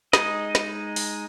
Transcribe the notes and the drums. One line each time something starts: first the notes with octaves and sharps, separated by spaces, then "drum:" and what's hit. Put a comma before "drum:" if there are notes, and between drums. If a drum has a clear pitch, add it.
G#3 D#4 D#5, drum: snare
drum: snare
drum: open hi-hat